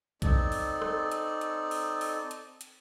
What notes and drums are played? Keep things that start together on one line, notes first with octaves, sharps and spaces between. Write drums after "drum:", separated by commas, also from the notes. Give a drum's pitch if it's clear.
C4 D#4 A4 D5, drum: kick B1, hi-hat
drum: open hi-hat
drum: rim click
drum: hi-hat
drum: hi-hat
drum: open hi-hat
drum: open hi-hat
drum: hi-hat
drum: hi-hat